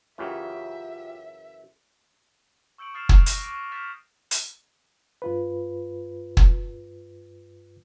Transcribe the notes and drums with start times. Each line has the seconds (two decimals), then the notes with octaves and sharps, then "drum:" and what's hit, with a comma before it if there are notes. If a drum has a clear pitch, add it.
0.18 F#2 C#3 E3 F4 G4 E5 G5
2.78 C#6 E6 G6 C#7 D7 F#7
2.94 D#6 F6 A6 C7 E7 F7
3.09 E6 D7 F7, drum: kick
3.26 C#6 F#6 A#6, drum: hi-hat
3.43 C#6 D6 D7 D#7
3.72 F6 G6 A6 B6 E7
4.31 drum: hi-hat
5.22 G2 F4 B4
6.37 drum: kick